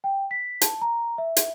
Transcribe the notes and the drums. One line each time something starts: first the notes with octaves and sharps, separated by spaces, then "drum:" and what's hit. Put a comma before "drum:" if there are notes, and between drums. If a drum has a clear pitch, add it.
G5
B6
A5, drum: hi-hat
A#5
E5
drum: hi-hat